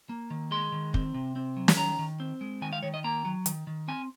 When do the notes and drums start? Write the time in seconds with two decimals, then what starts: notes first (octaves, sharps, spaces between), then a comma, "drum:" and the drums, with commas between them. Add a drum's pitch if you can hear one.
0.09 A#3
0.30 D#3
0.51 G#3 C6
0.72 D#3
0.94 C4, drum: kick
1.14 C3
1.36 C4
1.57 F#3
1.68 drum: snare
1.77 D#3 A#5
1.99 D#3
2.20 C4
2.41 G#3
2.62 D#3 G#5
2.73 F5
2.83 D#3 C#5
2.94 D#5
3.04 A#3 A#5
3.25 F#3
3.46 D#3, drum: hi-hat
3.67 D#3
3.88 C4 G#5